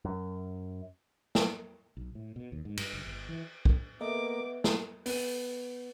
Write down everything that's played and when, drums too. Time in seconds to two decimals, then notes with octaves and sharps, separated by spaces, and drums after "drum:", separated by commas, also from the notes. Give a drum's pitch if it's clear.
0.05 F#2
1.35 drum: snare
1.97 B1
2.15 A2
2.36 B2
2.52 D#2
2.65 G#2
2.77 G2, drum: cymbal
2.93 F#1
3.06 G1
3.29 E3
3.65 drum: kick
4.01 A#3 B3 A4 D#5 E5 D6
4.64 drum: snare
5.06 B3 D#7, drum: open hi-hat